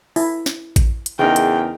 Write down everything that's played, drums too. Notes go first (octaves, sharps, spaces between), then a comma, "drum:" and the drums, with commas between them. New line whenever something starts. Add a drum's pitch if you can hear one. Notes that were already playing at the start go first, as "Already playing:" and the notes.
E4, drum: open hi-hat
drum: snare
drum: kick A1, hi-hat
drum: hi-hat
E2 C#3 D#4 A#4 G5
drum: hi-hat